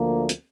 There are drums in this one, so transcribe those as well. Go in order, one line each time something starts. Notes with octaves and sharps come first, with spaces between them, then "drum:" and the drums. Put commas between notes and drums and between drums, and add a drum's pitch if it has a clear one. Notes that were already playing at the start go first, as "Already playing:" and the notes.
Already playing: D2 D3 F3 A#3
drum: hi-hat